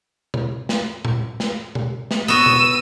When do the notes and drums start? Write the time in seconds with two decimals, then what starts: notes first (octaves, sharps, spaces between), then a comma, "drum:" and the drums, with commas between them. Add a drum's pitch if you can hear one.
0.34 drum: tom B2
0.69 drum: snare
1.05 drum: tom A#2
1.40 drum: snare
1.75 drum: tom B2
2.11 drum: snare
2.28 B3 F#4 E6 D#7
2.46 drum: tom B2